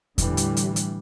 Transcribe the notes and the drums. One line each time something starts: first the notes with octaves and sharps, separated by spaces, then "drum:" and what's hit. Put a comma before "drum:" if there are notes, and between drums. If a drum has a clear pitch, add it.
A2 D3 E3 G3, drum: kick E2, hi-hat
drum: hi-hat
drum: hi-hat
drum: hi-hat